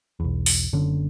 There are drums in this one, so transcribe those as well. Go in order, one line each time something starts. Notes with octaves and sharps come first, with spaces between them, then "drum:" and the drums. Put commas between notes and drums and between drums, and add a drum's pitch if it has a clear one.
B1 E2
drum: open hi-hat
F#1 D3 C#4